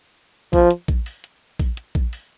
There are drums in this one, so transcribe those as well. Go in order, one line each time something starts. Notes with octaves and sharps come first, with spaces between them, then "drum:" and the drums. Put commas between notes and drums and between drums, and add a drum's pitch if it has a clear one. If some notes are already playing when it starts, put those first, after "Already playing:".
F3, drum: kick, open hi-hat
drum: hi-hat
drum: kick, hi-hat
drum: open hi-hat
drum: hi-hat
drum: kick, open hi-hat
drum: hi-hat
drum: kick
drum: open hi-hat